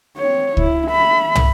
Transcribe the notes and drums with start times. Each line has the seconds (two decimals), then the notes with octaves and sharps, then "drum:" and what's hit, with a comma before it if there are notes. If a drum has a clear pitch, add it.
0.18 C4 C#5
0.57 E4, drum: kick C#2
0.87 E5 B5
1.35 drum: tom